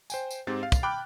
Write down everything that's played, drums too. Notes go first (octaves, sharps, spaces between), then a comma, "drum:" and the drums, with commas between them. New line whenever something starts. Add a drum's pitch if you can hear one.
C5 G5 G#5, drum: tambourine
drum: tambourine
G#2 C4 G4 A6
F5
drum: kick, tambourine
G5 B5 D6 F6 F#6